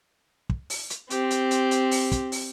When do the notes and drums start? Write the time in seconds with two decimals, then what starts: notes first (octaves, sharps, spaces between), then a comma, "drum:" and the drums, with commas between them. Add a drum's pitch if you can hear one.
0.49 drum: kick
0.70 drum: open hi-hat
0.90 drum: hi-hat
1.10 C4 G4, drum: hi-hat
1.31 drum: hi-hat
1.51 drum: hi-hat
1.71 drum: hi-hat
1.91 drum: open hi-hat
2.12 drum: kick, hi-hat
2.32 drum: open hi-hat